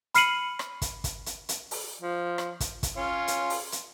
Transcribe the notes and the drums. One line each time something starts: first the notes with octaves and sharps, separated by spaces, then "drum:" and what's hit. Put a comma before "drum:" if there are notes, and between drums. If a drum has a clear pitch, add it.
B5 F6 C7 C#7 D#7 F#7, drum: hi-hat
drum: rim click
drum: kick, hi-hat
drum: kick, hi-hat
drum: hi-hat
drum: hi-hat
drum: open hi-hat
F3
drum: rim click
drum: kick, hi-hat
drum: kick, hi-hat
C#4 F4 C#5
drum: hi-hat
drum: open hi-hat
drum: hi-hat